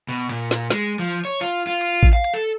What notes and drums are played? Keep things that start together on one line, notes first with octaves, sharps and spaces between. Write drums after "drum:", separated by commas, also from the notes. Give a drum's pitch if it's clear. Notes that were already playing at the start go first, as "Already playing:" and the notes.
B2
A#2, drum: hi-hat
drum: snare
G#3, drum: snare
F3
C#5
F4
F4
drum: hi-hat
drum: kick A1
F5
drum: hi-hat
A4